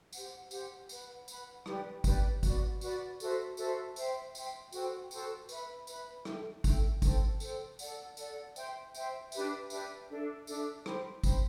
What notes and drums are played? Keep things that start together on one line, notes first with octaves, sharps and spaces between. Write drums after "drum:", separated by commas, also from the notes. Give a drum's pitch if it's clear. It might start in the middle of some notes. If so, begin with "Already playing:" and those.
G4 C5 F#5, drum: tambourine
G4 C5 F#5, drum: tambourine
B4 F#5 B5, drum: tambourine
B4 F#5 B5, drum: tambourine
G4 B4 D5 G5, drum: rim click
G4 B4 D5 G5, drum: kick G#1, tambourine
F#4 B4 D5, drum: kick G#1, tambourine
F#4 B4 D5, drum: tambourine
F#4 A4 C5 E5, drum: tambourine
F#4 A4 C5 E5, drum: tambourine
C5 E5 G5, drum: tambourine
C5 E5 G5, drum: tambourine
F#4 A4 C5 G5, drum: tambourine
F#4 A4 C5 G5, drum: tambourine
B4 E5 B5, drum: tambourine
B4 E5 B5, drum: tambourine
A4 E5 G5, drum: rim click
A4 E5 G5, drum: kick G#1, tambourine
A4 C5 G5, drum: kick G#1, tambourine
A4 C5 G5, drum: tambourine
A4 D5 F#5, drum: tambourine
A4 D5 F#5, drum: tambourine
C5 E5 G5, drum: tambourine
C5 E5 G5, drum: tambourine
D4 G4 B4 E5, drum: tambourine
D4 G4 B4 E5, drum: tambourine
D4 A4 E5
D4 A4 E5, drum: tambourine
C5 G5 B5, drum: rim click
C5 G5 B5, drum: kick G#1, tambourine